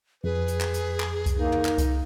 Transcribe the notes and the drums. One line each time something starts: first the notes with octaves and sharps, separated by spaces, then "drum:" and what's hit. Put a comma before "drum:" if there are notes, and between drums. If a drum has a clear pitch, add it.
F2 G#4 B4
drum: hi-hat
drum: clap
drum: hi-hat
drum: clap
drum: kick C2, hi-hat
A#3 D#4
drum: tom
drum: clap
drum: kick C2, hi-hat